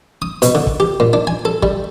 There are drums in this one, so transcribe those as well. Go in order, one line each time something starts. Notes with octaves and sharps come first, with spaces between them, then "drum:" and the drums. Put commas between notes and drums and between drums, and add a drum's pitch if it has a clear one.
D#6
B2, drum: hi-hat
D3
drum: kick
G4
A#2
D4
G#5
A4
G3, drum: kick